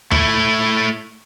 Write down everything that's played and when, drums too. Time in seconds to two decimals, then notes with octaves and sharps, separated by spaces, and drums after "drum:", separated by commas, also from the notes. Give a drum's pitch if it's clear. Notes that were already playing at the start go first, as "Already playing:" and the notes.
0.11 A3 E4, drum: tom D#2